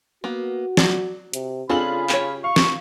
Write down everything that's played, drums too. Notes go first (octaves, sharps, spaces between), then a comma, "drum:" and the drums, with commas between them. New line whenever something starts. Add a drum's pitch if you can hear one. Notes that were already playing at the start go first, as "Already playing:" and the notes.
A#3 B3 F#4
F#3 D5, drum: snare
C3, drum: hi-hat
C#3 C4 D4 F4 G#4 A4 B5 F#7
G4 C#5, drum: clap
F5 C#6
drum: snare